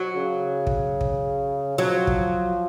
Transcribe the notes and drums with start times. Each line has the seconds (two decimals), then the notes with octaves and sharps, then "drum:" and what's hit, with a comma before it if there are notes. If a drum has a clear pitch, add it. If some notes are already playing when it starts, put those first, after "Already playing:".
Already playing: F#3
0.16 C#3
0.67 drum: kick
1.01 drum: kick
1.78 F3 F#3
2.07 drum: kick